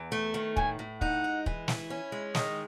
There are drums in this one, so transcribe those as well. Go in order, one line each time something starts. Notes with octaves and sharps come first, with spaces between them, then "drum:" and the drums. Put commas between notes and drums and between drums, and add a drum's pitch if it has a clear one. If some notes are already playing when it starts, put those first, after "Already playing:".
Already playing: E2
A3
D#3
A2 G#5, drum: kick
A2
D#4 F#5, drum: kick
G#3
E3, drum: kick
E4, drum: snare
C#4
G#3
D#3 D#5, drum: snare